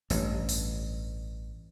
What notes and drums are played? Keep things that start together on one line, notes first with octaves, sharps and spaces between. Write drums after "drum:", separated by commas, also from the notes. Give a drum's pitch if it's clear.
A1 G2, drum: open hi-hat
drum: open hi-hat